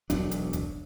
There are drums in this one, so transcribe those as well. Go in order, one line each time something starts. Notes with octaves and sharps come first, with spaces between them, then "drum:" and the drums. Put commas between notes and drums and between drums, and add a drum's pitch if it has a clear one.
E1 B1 F#3 D4, drum: kick F1, hi-hat
drum: hi-hat
drum: kick F1, hi-hat